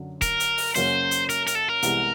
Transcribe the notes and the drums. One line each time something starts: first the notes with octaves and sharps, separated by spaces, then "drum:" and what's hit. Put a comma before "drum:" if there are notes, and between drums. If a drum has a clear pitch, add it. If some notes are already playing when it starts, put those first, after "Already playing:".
Already playing: F#2 D3 F#3
A#4, drum: kick, hi-hat
drum: hi-hat
drum: open hi-hat
F#2 C#3 F#3 A#3 C#4 C5, drum: hi-hat
drum: hi-hat
A#4, drum: hi-hat
A#4, drum: hi-hat
A4
A#4
C2 C3 E3 G#3 B3, drum: hi-hat